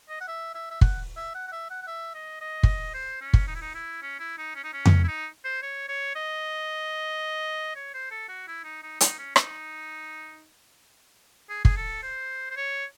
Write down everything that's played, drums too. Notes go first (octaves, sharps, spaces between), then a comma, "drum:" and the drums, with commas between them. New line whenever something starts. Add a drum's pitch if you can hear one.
D#5
F#5
E5
E5
E5
F#5, drum: kick
E5
F#5
F#5
E5
F#5
F#5
E5
D#5
D#5
drum: kick
C5
C#4
drum: kick
D#4
E4
D#4
E4
C#4
E4
D#4
C#4
D#4
C#4
drum: tom F2
E4
D#4
C5
C#5
C#5
D#5
C#5
C5
A4
F#4
E4
D#4
D#4
D#4, drum: hi-hat
C#4
D#4, drum: rim click
G#4
G#4, drum: kick
A4
C5
C5
C#5